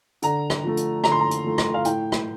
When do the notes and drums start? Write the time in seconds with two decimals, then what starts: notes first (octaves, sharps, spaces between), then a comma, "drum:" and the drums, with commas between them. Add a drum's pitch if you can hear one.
0.22 D3 A#5, drum: hi-hat
0.50 drum: rim click
0.63 F3 A3
0.77 drum: hi-hat
1.04 D3 A#5, drum: rim click
1.11 C6
1.20 A#5
1.31 drum: hi-hat
1.44 F3 A3
1.58 drum: rim click
1.74 F5
1.85 A2 G5, drum: hi-hat
2.12 drum: rim click